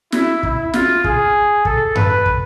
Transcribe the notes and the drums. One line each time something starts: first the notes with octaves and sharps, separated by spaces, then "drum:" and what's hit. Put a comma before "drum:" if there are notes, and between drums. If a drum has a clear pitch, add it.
E4, drum: snare
E4, drum: kick
F4, drum: snare
G#4, drum: kick
A4, drum: kick
B4, drum: tom F#2
drum: kick